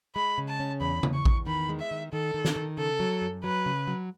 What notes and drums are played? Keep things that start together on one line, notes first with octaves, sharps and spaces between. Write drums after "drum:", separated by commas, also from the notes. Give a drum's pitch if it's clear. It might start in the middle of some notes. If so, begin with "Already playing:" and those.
G#3 B5
C#3
A5
C#4
E2 B5
E2, drum: tom C#3
C#6
E2, drum: kick A1
D#3 B5
G#3
E5
D#3
D#3 A4
D#3
drum: snare
D#3
C#3 A4
F#3
F#2
F#3 B4
C#3
F#3